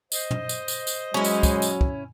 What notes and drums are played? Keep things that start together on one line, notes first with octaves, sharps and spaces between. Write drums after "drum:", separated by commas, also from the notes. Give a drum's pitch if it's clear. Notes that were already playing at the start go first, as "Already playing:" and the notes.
C5 D#5, drum: tambourine
drum: tom
drum: tambourine
drum: tambourine
drum: tambourine
F#3 G#3 C#4 E4
drum: tambourine
drum: kick, tambourine
drum: tambourine
drum: kick